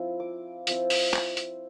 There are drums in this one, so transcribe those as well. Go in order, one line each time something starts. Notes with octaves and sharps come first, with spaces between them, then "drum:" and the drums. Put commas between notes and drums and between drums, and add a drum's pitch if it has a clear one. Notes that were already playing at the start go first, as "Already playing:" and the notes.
Already playing: F3 C4 E4
D6
F3 C4 E4, drum: hi-hat
drum: open hi-hat
drum: clap
drum: hi-hat